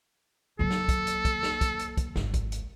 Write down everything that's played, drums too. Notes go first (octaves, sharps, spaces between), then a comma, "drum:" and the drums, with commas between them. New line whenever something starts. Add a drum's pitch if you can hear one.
F#3 A#3 A4
drum: snare
drum: kick, hi-hat
drum: hi-hat
drum: kick, hi-hat
drum: snare
drum: kick, hi-hat
drum: hi-hat
drum: kick, hi-hat
G#1, drum: snare
drum: kick, hi-hat
drum: hi-hat